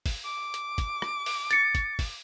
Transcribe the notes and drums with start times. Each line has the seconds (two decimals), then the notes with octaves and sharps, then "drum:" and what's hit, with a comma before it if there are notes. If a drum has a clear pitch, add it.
0.06 drum: kick, open hi-hat
0.25 D6
0.54 drum: hi-hat
0.78 drum: kick, hi-hat
1.02 drum: rim click
1.26 drum: open hi-hat
1.51 A6 C#7, drum: hi-hat
1.75 drum: kick, hi-hat
1.99 drum: kick, open hi-hat